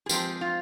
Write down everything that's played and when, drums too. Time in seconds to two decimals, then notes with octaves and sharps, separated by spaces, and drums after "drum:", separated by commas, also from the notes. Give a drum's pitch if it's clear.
0.06 G#4
0.09 F3 G#3 C4 G4, drum: tambourine
0.41 F4